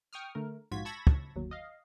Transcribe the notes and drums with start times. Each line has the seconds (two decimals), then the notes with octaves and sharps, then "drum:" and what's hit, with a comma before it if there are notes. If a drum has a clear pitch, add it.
0.13 G5 C#6 D#6 F6
0.35 D3 A3 A#4
0.71 A#1 G#2 F4 F#4 G#6 B6
0.85 A5 B5 C#6 E6 G#6 A#6
1.07 drum: kick
1.36 G1 D#2 F#3
1.51 D#5 F5